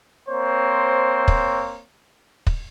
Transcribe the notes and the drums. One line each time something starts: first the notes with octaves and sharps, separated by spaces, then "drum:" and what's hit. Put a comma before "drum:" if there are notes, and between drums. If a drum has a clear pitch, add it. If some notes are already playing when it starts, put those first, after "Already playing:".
A#3 C4 C5 C#5
drum: kick
drum: kick